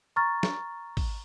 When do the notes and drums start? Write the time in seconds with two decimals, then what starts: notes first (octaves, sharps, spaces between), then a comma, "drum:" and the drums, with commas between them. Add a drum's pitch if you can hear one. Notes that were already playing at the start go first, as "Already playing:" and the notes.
0.16 A#5 C#6 F6 A6
0.43 drum: snare
0.97 drum: kick, open hi-hat